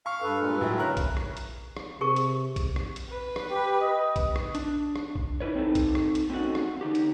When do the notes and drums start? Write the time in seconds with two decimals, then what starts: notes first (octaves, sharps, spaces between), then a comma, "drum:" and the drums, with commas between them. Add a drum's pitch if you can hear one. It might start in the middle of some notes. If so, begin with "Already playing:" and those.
0.06 F5 C#6
0.22 G2 A4 B4
0.41 A#2 G#3
0.61 A2 F#3 E4 B4
0.78 C#3 A#4 A#5 F#6
0.97 drum: kick A#1, hi-hat
1.17 drum: rim click
1.37 drum: hi-hat
1.77 drum: rim click
2.01 C3 G#4 A#4 C#6
2.16 drum: hi-hat
2.56 drum: kick A#1, hi-hat
2.76 drum: rim click
2.96 drum: hi-hat
3.09 B4
3.36 drum: rim click
3.50 G4
3.81 D#5
4.16 drum: kick A#1, hi-hat
4.36 drum: rim click
4.55 D4, drum: hi-hat
4.96 drum: rim click
5.15 drum: kick A#1
5.40 D#4 E4 B4 C#5
5.55 C4 D#4 A4
5.75 drum: kick A#1, hi-hat
5.95 drum: rim click
6.15 drum: hi-hat
6.30 C4 C#4 D#4 F#4 A4 F#5
6.55 drum: rim click
6.81 D3 D#4 G4
6.95 drum: hi-hat